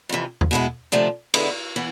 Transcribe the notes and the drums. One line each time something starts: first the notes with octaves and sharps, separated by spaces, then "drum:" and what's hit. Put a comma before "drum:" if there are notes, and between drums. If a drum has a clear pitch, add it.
F2 C3 E3
drum: tom
B2 G#3 B3 E4
D2 C3 F3 A3 D4
D3 G#3 B3 E4, drum: cymbal
E3 B3